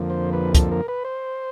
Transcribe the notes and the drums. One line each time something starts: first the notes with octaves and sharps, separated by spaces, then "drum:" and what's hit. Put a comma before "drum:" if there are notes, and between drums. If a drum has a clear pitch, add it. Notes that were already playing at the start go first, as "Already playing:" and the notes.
Already playing: F2 D3 F3 A#3
C5
B4
A4, drum: kick, hi-hat
A#4
B4
C5